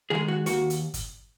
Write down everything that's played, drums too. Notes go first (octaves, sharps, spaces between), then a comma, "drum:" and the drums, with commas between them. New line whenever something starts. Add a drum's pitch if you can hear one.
D#3 G#3 G#4
F#4
D#2 F#4, drum: hi-hat
drum: hi-hat
drum: kick, hi-hat